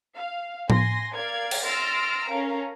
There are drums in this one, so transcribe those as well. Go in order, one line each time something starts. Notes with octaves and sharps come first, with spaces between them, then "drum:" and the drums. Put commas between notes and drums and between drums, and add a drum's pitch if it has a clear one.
F5
G#5 C6 A#6, drum: tom A2
A#4 D5 F5 G#6
drum: cymbal
C6 E6 F6 A6 A#6 D7
C#4 A4 A#4 F5 A#5